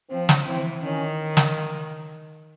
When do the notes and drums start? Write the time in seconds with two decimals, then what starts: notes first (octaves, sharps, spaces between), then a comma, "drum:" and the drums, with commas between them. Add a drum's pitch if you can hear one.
0.10 F3 C4
0.29 drum: snare
0.46 E3 C4
0.83 D#3 C#4
1.37 drum: snare